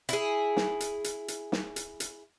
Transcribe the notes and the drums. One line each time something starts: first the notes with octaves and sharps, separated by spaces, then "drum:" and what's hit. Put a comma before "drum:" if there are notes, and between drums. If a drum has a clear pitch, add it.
E4 G#4, drum: hi-hat
drum: snare
drum: hi-hat
drum: hi-hat
drum: hi-hat
drum: snare
drum: hi-hat
drum: hi-hat